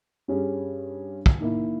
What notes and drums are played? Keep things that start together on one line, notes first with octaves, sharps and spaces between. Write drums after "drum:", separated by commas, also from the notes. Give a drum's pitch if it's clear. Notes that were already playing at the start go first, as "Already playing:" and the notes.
G2 G3 C#4 G#4
drum: kick
D#3 A#3 E4